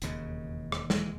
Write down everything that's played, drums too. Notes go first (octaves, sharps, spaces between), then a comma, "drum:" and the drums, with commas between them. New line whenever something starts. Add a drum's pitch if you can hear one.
E1 D#2 C#3, drum: hi-hat
drum: rim click
E3 G#3, drum: snare